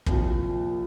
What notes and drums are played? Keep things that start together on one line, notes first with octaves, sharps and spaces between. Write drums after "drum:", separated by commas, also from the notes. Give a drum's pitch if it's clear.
C2 A#2 F3, drum: kick